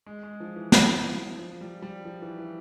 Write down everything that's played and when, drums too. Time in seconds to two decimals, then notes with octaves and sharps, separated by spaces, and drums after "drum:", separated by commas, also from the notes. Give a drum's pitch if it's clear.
0.06 G#3
0.23 G#3
0.40 F3
0.56 E3
0.72 F3, drum: snare
0.80 E3
0.89 F3
1.39 F3
1.61 G3
1.82 G3
2.05 F3
2.22 E3
2.38 E3